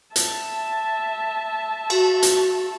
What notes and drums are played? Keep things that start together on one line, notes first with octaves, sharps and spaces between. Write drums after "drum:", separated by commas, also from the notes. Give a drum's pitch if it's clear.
E5 A5, drum: hi-hat
F#4, drum: cymbal
drum: hi-hat